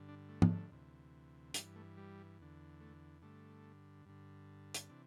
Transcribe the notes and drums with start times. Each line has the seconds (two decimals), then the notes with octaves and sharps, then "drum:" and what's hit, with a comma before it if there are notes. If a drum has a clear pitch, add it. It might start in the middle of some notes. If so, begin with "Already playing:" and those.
Already playing: G2 D3
0.08 D4
0.29 A3
0.42 drum: tom
0.72 D2 C3 E3
1.54 G2 E3 G3, drum: hi-hat
1.76 A3
1.97 G3
2.39 E2 D3
2.80 A3
3.22 G2 D3 A3
4.06 G2 D3
4.74 drum: hi-hat
4.90 C3 E3 D4